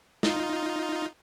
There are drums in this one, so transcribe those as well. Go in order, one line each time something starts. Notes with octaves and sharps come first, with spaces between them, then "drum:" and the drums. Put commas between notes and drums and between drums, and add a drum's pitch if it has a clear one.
D#4 F4, drum: snare